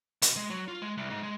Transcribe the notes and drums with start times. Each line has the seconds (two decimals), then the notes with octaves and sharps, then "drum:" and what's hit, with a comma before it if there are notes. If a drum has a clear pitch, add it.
0.22 B2, drum: hi-hat
0.36 G#3
0.50 F#3
0.68 F4
0.82 G#3
0.97 C2
1.10 G#2
1.23 G#3